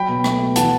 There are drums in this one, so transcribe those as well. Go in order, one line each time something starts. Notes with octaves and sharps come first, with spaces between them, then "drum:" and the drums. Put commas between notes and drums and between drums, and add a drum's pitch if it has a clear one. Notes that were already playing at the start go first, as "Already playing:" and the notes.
Already playing: F#3 G5 B5
B2
A3, drum: rim click
B2
E3 F#5 A5, drum: hi-hat